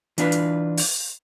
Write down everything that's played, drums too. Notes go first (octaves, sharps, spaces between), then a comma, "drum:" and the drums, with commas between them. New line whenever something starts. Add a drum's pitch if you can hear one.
E3 D4 F4 B4, drum: hi-hat
drum: hi-hat
drum: open hi-hat